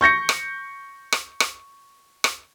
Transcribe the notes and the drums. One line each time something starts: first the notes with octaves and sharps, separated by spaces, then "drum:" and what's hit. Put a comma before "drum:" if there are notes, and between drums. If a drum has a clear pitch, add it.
C#6 G6 A#6 C#7
drum: rim click
drum: rim click
drum: rim click
drum: rim click